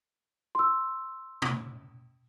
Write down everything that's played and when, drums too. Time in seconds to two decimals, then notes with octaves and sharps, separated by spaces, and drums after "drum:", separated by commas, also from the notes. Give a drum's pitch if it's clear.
0.55 C6 E6
1.42 drum: tom B2